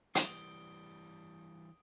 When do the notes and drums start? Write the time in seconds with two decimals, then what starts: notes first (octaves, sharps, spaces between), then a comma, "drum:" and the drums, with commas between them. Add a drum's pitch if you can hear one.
0.15 E3 G3 D#6 D7 G7, drum: hi-hat